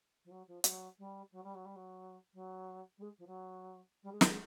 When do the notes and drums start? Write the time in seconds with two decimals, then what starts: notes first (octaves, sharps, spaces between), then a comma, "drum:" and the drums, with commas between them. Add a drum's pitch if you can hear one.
0.24 F3
0.30 F#3
0.47 F3
0.64 F#3, drum: hi-hat
0.98 G3
1.31 F#3
1.43 G3
1.54 F#3
1.65 G3
1.75 F#3
2.33 F#3
2.97 G3
3.01 G#3
3.18 F3
3.26 F#3
4.03 G3
4.12 G#3
4.21 G3, drum: snare
4.30 G#3